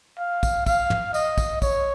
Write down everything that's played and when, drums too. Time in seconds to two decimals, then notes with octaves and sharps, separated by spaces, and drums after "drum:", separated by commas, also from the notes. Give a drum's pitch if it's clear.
0.19 F5
0.43 drum: kick, tambourine
0.66 F5, drum: kick, tambourine
0.90 drum: tom
1.14 D#5, drum: tambourine
1.38 drum: kick, tambourine
1.62 C#5, drum: kick, tambourine